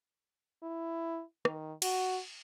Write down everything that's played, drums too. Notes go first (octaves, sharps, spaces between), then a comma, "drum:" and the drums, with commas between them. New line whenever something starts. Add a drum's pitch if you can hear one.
E4
D#3, drum: rim click
F#4, drum: cymbal